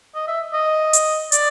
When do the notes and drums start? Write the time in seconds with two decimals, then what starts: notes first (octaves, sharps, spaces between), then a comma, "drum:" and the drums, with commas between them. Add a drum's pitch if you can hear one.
0.15 D#5
0.27 E5
0.53 D#5
0.93 drum: hi-hat
1.32 D5, drum: hi-hat